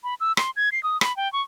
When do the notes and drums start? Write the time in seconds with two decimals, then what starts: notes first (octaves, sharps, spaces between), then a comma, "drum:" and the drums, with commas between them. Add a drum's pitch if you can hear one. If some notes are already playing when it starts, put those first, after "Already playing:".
0.04 B5
0.20 E6
0.37 C6, drum: rim click
0.56 G#6
0.72 C7
0.83 D#6
1.01 B5, drum: rim click
1.17 G5
1.33 C#6